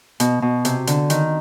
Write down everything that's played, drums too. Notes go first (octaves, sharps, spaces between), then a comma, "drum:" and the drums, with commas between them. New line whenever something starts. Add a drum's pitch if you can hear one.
B2, drum: hi-hat
B2
C3, drum: hi-hat
D3, drum: hi-hat
D#3, drum: hi-hat